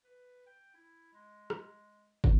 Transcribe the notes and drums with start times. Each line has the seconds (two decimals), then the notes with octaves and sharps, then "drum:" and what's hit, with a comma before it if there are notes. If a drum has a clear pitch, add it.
0.04 B4
0.47 G5
0.74 E4
1.13 G#3
1.50 drum: rim click
2.24 drum: kick